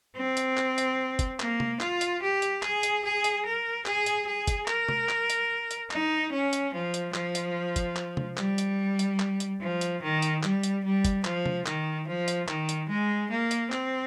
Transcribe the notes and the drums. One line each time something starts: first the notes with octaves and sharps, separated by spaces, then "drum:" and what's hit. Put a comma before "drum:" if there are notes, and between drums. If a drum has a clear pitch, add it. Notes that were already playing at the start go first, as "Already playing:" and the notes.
C4
drum: hi-hat
drum: clap
drum: hi-hat
drum: kick, hi-hat
A#3, drum: clap
drum: tom
F4, drum: clap
drum: hi-hat
G4
drum: hi-hat
G#4, drum: clap
drum: hi-hat
G#4
drum: hi-hat
A#4
G#4, drum: clap
drum: hi-hat
G#4
drum: kick, hi-hat
A#4, drum: clap
drum: tom
drum: clap
drum: hi-hat
drum: hi-hat
D#4, drum: clap
C#4
drum: hi-hat
F3
drum: hi-hat
F3, drum: clap
drum: hi-hat
drum: kick, hi-hat
drum: clap
drum: tom C3
G3, drum: clap
drum: hi-hat
drum: hi-hat
drum: clap
drum: hi-hat
F3
drum: hi-hat
D#3
drum: hi-hat
G3, drum: clap
drum: hi-hat
G3
drum: kick, hi-hat
F3, drum: clap
drum: tom C3
D#3, drum: clap
F3
drum: hi-hat
D#3, drum: clap
drum: hi-hat
G#3
A#3
drum: hi-hat
C4, drum: clap